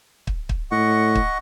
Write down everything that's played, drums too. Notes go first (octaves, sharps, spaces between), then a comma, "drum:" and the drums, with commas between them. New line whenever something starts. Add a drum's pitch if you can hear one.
drum: kick
drum: kick
A2 D#5 F#5 C#6
drum: kick